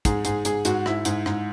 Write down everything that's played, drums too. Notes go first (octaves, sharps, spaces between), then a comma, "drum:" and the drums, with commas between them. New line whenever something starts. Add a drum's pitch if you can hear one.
G#2 G#4, drum: kick, hi-hat
G#2 G#4, drum: hi-hat
G#2 G#4, drum: hi-hat
G#2 F#4, drum: hi-hat
G#2 E4, drum: rim click
G#2, drum: hi-hat
G#2, drum: rim click